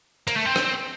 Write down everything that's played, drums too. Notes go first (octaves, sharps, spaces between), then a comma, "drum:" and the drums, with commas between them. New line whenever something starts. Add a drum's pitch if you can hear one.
A#3, drum: hi-hat
A3
C4
drum: rim click